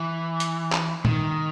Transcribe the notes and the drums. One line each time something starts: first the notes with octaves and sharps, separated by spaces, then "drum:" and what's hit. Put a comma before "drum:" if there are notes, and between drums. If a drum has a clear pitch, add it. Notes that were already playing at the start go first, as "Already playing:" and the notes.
Already playing: E3
drum: hi-hat
drum: clap
D#3, drum: tom A#2